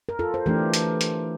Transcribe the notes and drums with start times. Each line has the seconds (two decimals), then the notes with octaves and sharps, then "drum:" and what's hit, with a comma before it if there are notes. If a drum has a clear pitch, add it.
0.09 A#4
0.19 F4 A4
0.34 C5
0.46 E3 A3 D4 G4 A#4
0.74 drum: hi-hat
1.01 drum: hi-hat